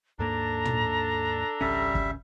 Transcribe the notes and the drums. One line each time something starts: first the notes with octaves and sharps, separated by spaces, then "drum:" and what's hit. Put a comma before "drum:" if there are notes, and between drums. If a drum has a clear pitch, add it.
D#2 G#2 A#3 D4 A4 A#5
drum: tom
G#1 C#2 G3 C#4 E5
drum: kick